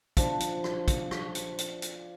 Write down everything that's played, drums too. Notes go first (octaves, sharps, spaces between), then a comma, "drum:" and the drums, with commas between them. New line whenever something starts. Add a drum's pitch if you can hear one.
F3 D4, drum: kick, hi-hat
drum: hi-hat
drum: rim click
drum: kick, hi-hat
drum: rim click
drum: hi-hat
drum: hi-hat
drum: hi-hat